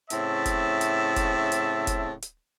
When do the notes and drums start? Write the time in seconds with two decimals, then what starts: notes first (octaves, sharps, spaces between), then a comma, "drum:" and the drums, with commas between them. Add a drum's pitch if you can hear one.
0.10 A2 C#3 C4 E5 A5, drum: hi-hat
0.46 drum: kick, hi-hat
0.81 drum: hi-hat
1.16 drum: kick, hi-hat
1.52 drum: hi-hat
1.87 drum: kick, hi-hat
2.22 drum: hi-hat